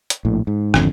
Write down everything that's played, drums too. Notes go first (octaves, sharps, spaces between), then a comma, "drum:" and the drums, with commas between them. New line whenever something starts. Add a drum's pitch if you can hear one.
drum: hi-hat
A#1 A2
G#2
G#1 F2 D3, drum: rim click